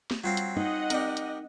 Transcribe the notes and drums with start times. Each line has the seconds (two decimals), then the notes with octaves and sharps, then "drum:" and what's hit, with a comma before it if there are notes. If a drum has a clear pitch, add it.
0.11 drum: snare
0.24 F#3 G3 C4 F4 F5
0.37 drum: hi-hat
0.56 D#4 D#5 F#5
0.90 C4 G4 A#4 D5, drum: hi-hat
1.17 drum: hi-hat